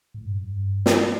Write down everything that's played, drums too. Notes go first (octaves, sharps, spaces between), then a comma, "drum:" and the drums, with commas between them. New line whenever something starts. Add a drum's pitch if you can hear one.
A2
G2
F#2
G2
drum: snare